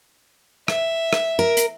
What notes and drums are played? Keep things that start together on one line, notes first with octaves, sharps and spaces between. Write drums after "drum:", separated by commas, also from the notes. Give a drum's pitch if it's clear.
E5, drum: rim click
drum: rim click
A#4
drum: hi-hat